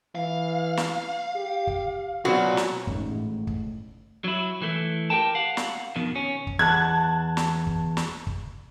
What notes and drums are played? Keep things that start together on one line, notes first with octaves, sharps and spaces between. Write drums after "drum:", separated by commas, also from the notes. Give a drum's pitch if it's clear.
E3 F5
drum: snare
G4
drum: kick
B2 F#3 C4 F4 F#4 D5
drum: snare
A1 G#2 D#3, drum: kick
A2
drum: kick
F#3 E4
E3 A3
G4 A#4 G5 A5
F5 F#5
drum: snare
F2 B2 D#3
C#4
drum: kick
E2 A5 F#6 G#6
drum: snare
drum: kick
drum: snare
drum: kick